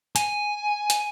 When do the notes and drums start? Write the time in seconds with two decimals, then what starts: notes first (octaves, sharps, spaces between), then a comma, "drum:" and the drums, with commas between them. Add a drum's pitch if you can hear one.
0.16 G#5, drum: hi-hat
0.90 drum: hi-hat